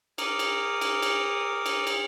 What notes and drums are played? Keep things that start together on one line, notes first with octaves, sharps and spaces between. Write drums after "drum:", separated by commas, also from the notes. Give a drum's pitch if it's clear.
A#4 D6 D#6, drum: cymbal
drum: cymbal
drum: cymbal
drum: cymbal
drum: cymbal
drum: cymbal